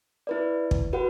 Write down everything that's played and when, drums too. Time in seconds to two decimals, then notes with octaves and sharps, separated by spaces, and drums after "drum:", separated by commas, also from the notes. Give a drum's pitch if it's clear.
0.27 E4 B4 D5
0.71 drum: kick
0.93 F#4 B4 F#5